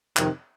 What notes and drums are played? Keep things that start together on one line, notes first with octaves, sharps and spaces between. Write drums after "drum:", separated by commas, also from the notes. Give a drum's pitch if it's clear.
F2 C3 D#3, drum: clap